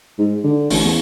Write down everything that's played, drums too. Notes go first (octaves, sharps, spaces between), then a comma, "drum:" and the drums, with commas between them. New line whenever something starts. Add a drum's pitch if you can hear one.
G#2
D3
A1, drum: open hi-hat
E2